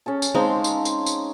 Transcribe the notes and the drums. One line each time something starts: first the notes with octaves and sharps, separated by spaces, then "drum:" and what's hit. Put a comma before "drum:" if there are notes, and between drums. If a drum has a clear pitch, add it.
C#4 G#4 A5
drum: tambourine
G#3 C4 D#4 F5 A5
drum: tambourine
C6, drum: tambourine
drum: tambourine